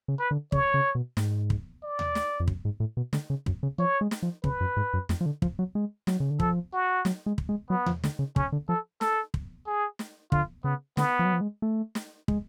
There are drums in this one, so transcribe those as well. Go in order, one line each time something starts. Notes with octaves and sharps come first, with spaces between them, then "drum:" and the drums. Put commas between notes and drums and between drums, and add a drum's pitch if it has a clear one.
C#3
B4
D3
C#3 C#5, drum: kick
C#3
B2
G#2, drum: snare
drum: kick
D5
drum: tom D#2
drum: snare
F2
F#2, drum: kick
G#2
A2
B2
D3, drum: snare
C#3
F#2, drum: kick
C#3
F3 C#5
G#3
drum: snare
F3
C#3 B4, drum: kick
F#2
G#2
F#2
F2, drum: snare
F3
D3
F3, drum: kick
F#3
G#3
F#3, drum: snare
C#3
D3
F3 A4, drum: kick
F#4
F#3, drum: snare
G#3
drum: kick
G#3
F#3 B3
F3, drum: tom D#2
D3, drum: snare
C#3
C#3 C#4, drum: kick
D3
F3 A4
A4, drum: snare
drum: kick
G#4
drum: snare
D3 F4, drum: kick
C#3 B3
D3 B3, drum: snare
F3
F#3
F3
G#3
A3
drum: snare
G#3, drum: kick